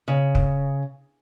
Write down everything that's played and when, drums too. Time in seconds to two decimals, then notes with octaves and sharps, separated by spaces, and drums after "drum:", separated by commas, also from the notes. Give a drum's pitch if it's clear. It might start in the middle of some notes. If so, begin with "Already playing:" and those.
0.08 C#3
0.35 drum: kick